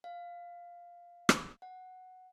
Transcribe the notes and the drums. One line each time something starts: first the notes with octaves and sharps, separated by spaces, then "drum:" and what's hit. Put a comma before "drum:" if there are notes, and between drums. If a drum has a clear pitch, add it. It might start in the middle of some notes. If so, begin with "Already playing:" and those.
F5
drum: rim click
F#5